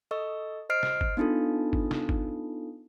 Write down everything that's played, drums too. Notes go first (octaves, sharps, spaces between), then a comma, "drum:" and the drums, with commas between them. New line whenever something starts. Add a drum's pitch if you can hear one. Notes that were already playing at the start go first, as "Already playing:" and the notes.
A4 D#5 C#6 E6
C5 D#5 F6 C7 D7
drum: snare
drum: kick G1
B3 D4 D#4 F4 A4
drum: kick G1
drum: snare
drum: kick G1